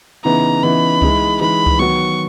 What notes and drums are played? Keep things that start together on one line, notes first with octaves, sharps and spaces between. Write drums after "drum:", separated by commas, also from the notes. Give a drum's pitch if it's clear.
C#3 E3 B3 D#4 A#5
C#3 E3 B3 D#4 B5
E3 G#3 D#4, drum: kick C#2
E3 G#3 D#4 B5
drum: kick C#2
D#3 F#3 B3 F#4 C#6